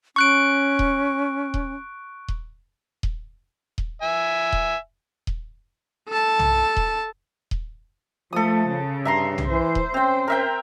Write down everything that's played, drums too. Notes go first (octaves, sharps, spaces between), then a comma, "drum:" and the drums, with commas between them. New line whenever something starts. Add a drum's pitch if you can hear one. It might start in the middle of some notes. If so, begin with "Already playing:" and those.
C#4 C#6 F#6 D7
drum: kick D#1
drum: kick D#1
drum: kick D#1
drum: kick D#1
drum: kick D#1
E5 G#5
drum: kick D#1
drum: kick D#1
A4 A5
drum: tom B1
drum: kick D#1
drum: kick D#1
F3 A3 A4 D#6
C#3
G2 E5 A#5 C6
drum: tom B1
E3 C5
drum: kick D#1
C4 C#4 G5
A#4 E5 G5